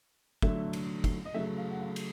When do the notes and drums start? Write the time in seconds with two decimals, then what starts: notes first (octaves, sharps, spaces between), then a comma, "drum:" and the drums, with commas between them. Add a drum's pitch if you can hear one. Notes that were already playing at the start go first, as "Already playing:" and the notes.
0.42 D3 F#3 A3 E5, drum: kick
0.73 drum: cymbal
1.04 drum: kick, cymbal
1.25 D#5
1.34 C#3 F#3 A3 E5
1.58 F5
1.71 F#5
1.81 F5
1.96 drum: cymbal